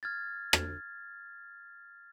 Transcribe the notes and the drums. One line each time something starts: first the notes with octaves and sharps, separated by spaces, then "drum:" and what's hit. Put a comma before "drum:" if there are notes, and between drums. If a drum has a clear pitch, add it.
F6 G#6 A6
drum: rim click